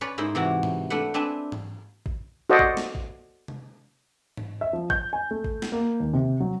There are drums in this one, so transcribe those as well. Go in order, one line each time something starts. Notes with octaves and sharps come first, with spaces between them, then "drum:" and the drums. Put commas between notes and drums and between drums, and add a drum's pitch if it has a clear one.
C#4 B4 C#5 D5
G#2 E4 A#4 C5
C3 E3 F#4
drum: tom G#2
A3 D4 B4 F#5
C4 D4 B4 E5 G#5
drum: tom G#2
drum: kick G#1
F#4 A4 C5 D5 D#5 F#5
drum: kick G#1
drum: snare
drum: kick G#1
drum: tom
drum: tom G#2
E5
F3
G6, drum: kick G#1
G#5
A3
drum: kick G#1
drum: snare
A#3
D#2
C3
F#3